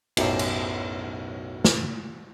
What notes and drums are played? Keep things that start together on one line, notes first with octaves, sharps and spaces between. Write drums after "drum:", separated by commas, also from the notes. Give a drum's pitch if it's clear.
B1 F#2 A2 G4 A#5, drum: cymbal
drum: cymbal
drum: snare